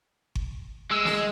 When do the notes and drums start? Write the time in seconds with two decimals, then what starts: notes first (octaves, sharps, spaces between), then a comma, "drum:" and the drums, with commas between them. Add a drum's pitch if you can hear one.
0.35 drum: kick G1
0.91 G#3 E6
1.05 drum: snare